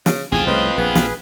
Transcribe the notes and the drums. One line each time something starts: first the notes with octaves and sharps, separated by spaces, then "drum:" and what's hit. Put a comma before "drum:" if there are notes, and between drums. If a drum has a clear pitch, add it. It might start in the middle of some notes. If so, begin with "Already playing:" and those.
C#3, drum: snare
A1 D#2 C3 C4 F4 G#4 G#5
C2 C#3 A3 B4 C5 D#5
A#1 B3 G#4 B4
A#1, drum: snare